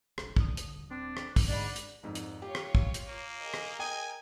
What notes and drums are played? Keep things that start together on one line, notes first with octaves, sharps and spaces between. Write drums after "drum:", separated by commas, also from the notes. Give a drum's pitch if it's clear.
E1 A#1, drum: rim click
D2 D3 D#6, drum: kick
drum: hi-hat
D#1
C4 D4
drum: rim click
drum: kick, open hi-hat
G#2 D3 D4 D5 F#5 B5
drum: hi-hat
G#1 F2 G#2
drum: hi-hat
F4 G4 C#5
drum: rim click
drum: kick
drum: hi-hat
A#3
G#4 A#4 D#5
drum: rim click
G5 G#5 D#6